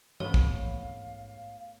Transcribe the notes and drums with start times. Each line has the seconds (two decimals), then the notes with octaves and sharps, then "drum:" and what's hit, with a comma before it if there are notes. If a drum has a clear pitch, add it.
0.20 G#2 A3 B3 C#5 F5, drum: tom E3
0.34 drum: kick